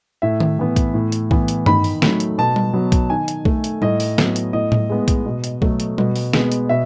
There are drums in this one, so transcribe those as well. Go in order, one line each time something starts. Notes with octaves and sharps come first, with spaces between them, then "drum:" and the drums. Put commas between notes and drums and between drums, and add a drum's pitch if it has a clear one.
A2 E5
drum: tom D#3
E3 B3
drum: kick B1, hi-hat
A2
drum: hi-hat
E3 B3, drum: kick B1
drum: hi-hat
D#3 B5, drum: tom G2
drum: open hi-hat
F#3 A3, drum: snare
drum: hi-hat
B2 A5
drum: tom G3
F#3 B3
drum: kick B1, hi-hat
D#3 G#5
drum: hi-hat
A3, drum: kick B1
drum: hi-hat
A2 D#5, drum: tom G3
drum: open hi-hat
F#3 B3, drum: snare
drum: hi-hat
A2 D#5
drum: tom A2
G#3 B3
drum: kick B1, hi-hat
B2
drum: hi-hat
F#3 A3, drum: kick B1
drum: hi-hat
B2, drum: tom G3
drum: open hi-hat
G#3 B3, drum: snare
drum: hi-hat
B2 E5